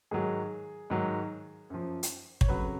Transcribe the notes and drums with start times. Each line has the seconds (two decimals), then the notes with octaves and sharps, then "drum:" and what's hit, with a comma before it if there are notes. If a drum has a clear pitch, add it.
0.11 G#2 D#3 F#3 G#4
0.90 G#2 D#3 F#3
1.70 F#2 F3
2.03 drum: hi-hat
2.41 C#5, drum: kick
2.48 F2 C#3 F#3 B4